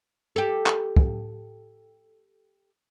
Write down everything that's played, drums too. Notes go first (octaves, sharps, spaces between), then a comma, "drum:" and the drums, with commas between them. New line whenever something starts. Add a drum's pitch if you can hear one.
G4 A4
drum: clap
drum: kick